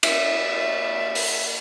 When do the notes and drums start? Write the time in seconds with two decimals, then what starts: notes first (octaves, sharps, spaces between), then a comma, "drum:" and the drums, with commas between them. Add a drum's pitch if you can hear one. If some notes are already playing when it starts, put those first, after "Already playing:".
0.03 E4 D#5 E5, drum: cymbal
1.15 drum: open hi-hat